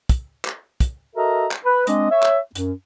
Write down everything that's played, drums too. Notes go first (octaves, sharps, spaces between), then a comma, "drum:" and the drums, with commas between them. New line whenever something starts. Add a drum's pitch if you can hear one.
drum: kick, hi-hat
drum: clap
drum: kick, hi-hat
F#4 A4 A#4 D#5 E5 A#5
drum: clap
B4
G#3 C4 D4 D#5, drum: hi-hat
C#5 E5
drum: clap
F#2, drum: hi-hat